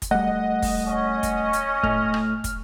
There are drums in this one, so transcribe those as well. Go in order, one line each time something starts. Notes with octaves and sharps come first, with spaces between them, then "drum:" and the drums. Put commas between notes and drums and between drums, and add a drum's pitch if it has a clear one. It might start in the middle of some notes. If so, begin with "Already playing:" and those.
drum: kick, hi-hat
G3 A3 D#5 F#5
drum: kick, open hi-hat
C#4
drum: kick, hi-hat
drum: hi-hat
A2 A3 F6, drum: kick
drum: rim click
drum: kick, hi-hat